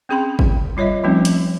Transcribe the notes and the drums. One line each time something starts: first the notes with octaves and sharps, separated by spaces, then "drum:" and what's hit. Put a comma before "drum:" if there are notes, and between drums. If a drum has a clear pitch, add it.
C4 C#4 G#4 G5 B5 C6
drum: kick
G3 F4 C#5 D#5 E5
F3 G3 A3 C4 C#4 D#4
drum: hi-hat